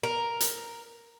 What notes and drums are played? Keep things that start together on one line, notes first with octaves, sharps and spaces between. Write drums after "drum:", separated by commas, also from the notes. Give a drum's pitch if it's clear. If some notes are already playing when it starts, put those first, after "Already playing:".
A#4
drum: hi-hat